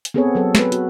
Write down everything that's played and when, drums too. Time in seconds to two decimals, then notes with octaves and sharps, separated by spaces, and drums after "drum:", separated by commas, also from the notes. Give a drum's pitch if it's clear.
0.05 drum: hi-hat
0.14 B3 C4 G#4 A4 B4 C#5
0.35 F#3 A4
0.55 B3 B4, drum: snare
0.72 F#4, drum: hi-hat